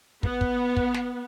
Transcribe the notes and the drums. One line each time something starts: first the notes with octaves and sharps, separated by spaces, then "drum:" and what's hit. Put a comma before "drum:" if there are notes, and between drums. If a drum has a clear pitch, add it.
B3, drum: kick
drum: kick
drum: kick
drum: snare